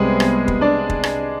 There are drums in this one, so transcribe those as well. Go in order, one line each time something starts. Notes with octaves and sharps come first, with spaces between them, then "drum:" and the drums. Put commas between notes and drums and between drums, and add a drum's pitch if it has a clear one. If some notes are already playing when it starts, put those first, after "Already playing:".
Already playing: C2 C3 G3 G#3 B3 G#4
drum: rim click
drum: kick
D4 D5
drum: kick
drum: rim click